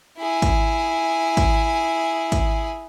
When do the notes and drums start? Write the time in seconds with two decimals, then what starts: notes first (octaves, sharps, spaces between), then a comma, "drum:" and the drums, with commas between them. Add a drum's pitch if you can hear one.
0.19 E4 G#4
0.42 drum: kick G#1, hi-hat
1.37 drum: kick G#1, hi-hat
2.32 drum: kick G#1, hi-hat